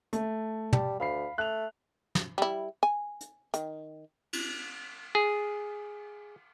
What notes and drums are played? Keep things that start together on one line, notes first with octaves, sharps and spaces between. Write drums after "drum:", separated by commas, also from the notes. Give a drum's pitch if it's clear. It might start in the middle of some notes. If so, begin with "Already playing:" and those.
A3, drum: hi-hat
G3 A5, drum: tom
D2 F5 B5 C7
A3 F#6 F7
drum: snare
G3 E4
G#5
drum: hi-hat
D#3, drum: hi-hat
drum: cymbal
G#4